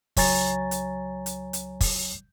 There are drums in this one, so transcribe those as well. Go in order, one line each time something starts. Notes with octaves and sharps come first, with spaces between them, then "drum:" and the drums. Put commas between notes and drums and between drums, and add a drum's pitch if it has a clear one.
C#2 F#3 C#5 G#5 A#5 A6, drum: kick, open hi-hat
drum: hi-hat
drum: hi-hat
drum: hi-hat
drum: kick, open hi-hat